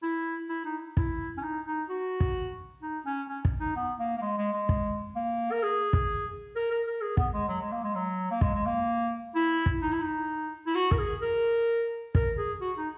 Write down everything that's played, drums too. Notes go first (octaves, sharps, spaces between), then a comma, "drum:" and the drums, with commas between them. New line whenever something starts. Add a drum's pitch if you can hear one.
E4
E4
D#4
E4, drum: kick
C#4
D#4
D#4
F#4
drum: kick
D#4
C#4
C#4
drum: kick
D#4
B3
A#3
A#3
G#3
G#3
G#3
drum: kick
A#3
A#4
G#4
drum: kick
A#4
A#4
A#4
G#4
B3, drum: kick
G#3
F#3
G#3
A#3
G#3
F#3
A#3
G#3, drum: kick
G#3
A#3
E4
drum: kick
D#4
E4
D#4
E4
F#4
A#4, drum: kick
G#4
A#4
A#4, drum: kick
G#4
F#4
D#4